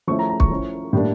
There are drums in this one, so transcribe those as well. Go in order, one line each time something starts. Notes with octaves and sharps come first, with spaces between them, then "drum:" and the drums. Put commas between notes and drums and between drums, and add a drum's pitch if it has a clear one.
F3 A3 C#4 E4 C#6
A#5
A#5
C#6, drum: kick
F3 C#4 E4
A2 G3 A#3 D4